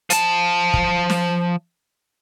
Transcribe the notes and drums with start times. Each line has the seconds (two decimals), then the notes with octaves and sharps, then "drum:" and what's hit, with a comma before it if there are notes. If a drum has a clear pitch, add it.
0.10 F3 A5, drum: hi-hat
0.74 drum: kick
1.10 drum: snare